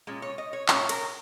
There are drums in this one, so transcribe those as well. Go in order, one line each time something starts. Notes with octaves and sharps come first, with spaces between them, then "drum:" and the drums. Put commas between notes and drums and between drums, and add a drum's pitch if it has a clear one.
A#2 G#3 C#4
C#5
D#5
C#5
A#2 G#3 C#4 C#5, drum: clap
A#4, drum: cymbal